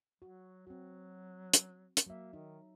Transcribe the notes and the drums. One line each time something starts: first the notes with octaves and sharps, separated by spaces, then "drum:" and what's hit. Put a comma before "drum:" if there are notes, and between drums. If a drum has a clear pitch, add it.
F#3 F#4
F#3 C4 F#4
drum: hi-hat
drum: hi-hat
F#3 A#3 E5
D#3 D#4